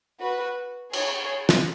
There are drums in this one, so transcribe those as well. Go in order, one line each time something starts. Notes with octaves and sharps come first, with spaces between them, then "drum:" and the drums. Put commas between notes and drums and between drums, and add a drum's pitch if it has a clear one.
F#4 B4
G#4 C#5, drum: cymbal
drum: snare